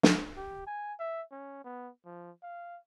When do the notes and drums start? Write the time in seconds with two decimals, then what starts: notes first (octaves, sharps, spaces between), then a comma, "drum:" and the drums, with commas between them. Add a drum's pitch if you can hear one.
0.03 drum: snare
0.37 G4
0.67 G#5
0.99 E5
1.31 C#4
1.64 B3
2.05 F3
2.43 F5